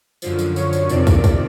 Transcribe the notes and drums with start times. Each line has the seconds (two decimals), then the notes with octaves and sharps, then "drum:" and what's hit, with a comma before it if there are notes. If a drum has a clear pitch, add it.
0.22 F#2 D3 F3, drum: tambourine
0.39 drum: tambourine
0.56 C#5, drum: tambourine
0.73 drum: tambourine
0.89 F2 C3 D#3 D5, drum: tambourine
1.07 drum: kick, tambourine
1.24 drum: kick, tambourine